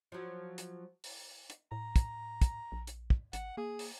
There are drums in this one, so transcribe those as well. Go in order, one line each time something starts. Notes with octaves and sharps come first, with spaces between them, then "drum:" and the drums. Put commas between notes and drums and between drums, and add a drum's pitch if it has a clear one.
F3 F#3
drum: hi-hat
drum: open hi-hat
drum: hi-hat
A2 A#5
drum: kick, hi-hat
drum: kick, hi-hat
A#1
drum: hi-hat
drum: kick
G#1 F#5, drum: hi-hat
A#3 G#4
drum: open hi-hat